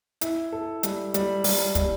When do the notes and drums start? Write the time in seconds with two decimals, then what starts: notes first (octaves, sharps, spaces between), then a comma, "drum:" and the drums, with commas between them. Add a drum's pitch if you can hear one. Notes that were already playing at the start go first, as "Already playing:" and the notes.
0.21 E4, drum: hi-hat
0.52 A4
0.83 G3, drum: hi-hat
1.14 G3, drum: hi-hat
1.44 G3, drum: open hi-hat
1.75 G3, drum: kick, hi-hat